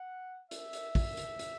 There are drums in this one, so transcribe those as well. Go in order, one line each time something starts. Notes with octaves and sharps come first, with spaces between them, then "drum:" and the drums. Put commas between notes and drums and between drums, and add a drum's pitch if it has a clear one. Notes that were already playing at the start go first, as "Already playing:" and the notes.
Already playing: F#5
E5, drum: hi-hat
drum: hi-hat
drum: kick, open hi-hat
drum: hi-hat
drum: hi-hat